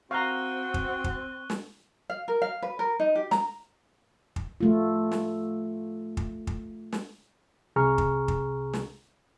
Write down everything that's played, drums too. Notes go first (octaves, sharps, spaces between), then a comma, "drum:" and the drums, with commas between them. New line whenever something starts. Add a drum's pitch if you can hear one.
C4 F#4 F5 A#5 C#6 F#6 G7
drum: kick
drum: kick
drum: snare
F5
A#4
F5
B4
A#4
D#4
G4
A#5, drum: snare
drum: kick
A3 F4
drum: snare
drum: kick
drum: kick
drum: snare
C2 C3 G#4 A#5 C#6 F6
drum: kick
drum: kick
drum: snare